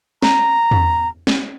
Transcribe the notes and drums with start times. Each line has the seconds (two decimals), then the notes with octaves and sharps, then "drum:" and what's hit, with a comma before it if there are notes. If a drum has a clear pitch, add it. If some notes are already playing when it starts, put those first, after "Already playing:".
0.23 A#5, drum: snare
0.71 drum: tom
1.27 drum: snare